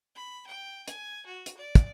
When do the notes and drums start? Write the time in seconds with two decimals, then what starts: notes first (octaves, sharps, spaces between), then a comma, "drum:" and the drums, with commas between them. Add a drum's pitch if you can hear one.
0.15 B5
0.46 G5
0.88 G#5, drum: hi-hat
1.26 F#4
1.46 drum: hi-hat
1.57 D5
1.75 drum: kick, hi-hat